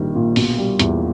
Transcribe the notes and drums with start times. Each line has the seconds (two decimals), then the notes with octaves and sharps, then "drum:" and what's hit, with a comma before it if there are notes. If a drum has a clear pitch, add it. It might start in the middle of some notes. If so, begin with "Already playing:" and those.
Already playing: A#1 D#3 G3
0.15 A#2
0.36 B2, drum: open hi-hat
0.58 G3
0.79 E2, drum: hi-hat